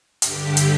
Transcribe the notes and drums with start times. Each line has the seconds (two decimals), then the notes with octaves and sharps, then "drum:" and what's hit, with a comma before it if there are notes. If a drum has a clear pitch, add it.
0.22 G2 D3 G4, drum: hi-hat
0.57 drum: hi-hat